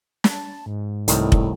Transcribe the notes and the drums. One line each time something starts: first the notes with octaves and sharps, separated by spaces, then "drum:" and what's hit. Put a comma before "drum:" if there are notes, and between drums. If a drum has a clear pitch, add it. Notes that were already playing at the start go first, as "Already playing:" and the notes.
A5, drum: snare
G#2
C2 A2 D#3 G3, drum: hi-hat
drum: kick F1